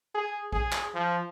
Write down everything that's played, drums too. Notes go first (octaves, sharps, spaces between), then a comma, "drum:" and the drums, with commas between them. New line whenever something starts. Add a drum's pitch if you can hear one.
G#4
G#4, drum: kick
drum: clap
F3